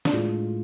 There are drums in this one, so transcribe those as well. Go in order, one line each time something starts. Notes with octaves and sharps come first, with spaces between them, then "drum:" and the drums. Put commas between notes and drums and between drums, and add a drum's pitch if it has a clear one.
D4, drum: snare
A2 G#3 F4